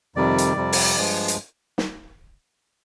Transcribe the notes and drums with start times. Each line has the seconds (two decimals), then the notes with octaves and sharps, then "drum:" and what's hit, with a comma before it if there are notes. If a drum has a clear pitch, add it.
0.16 F2 C3 D#3 G3 D5
0.38 drum: hi-hat
0.56 F2 C3 G3
0.73 drum: open hi-hat
0.97 G2 F3 G#3
1.28 drum: hi-hat
1.78 drum: snare